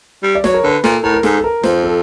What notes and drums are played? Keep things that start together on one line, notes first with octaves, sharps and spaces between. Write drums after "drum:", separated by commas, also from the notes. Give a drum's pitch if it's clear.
G3
D5
F#3 C#5, drum: snare
A#4
D3 B4
A#2 A4, drum: snare
A2 A#4
A#4
G#2 A4, drum: snare
A4
A#4
F2 C5, drum: snare
A4